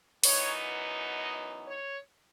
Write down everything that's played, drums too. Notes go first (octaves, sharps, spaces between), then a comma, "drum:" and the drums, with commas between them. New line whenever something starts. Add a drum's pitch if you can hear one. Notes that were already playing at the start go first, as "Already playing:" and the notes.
F#2 E3 B3 D#4 C#5, drum: open hi-hat
D#5
C#5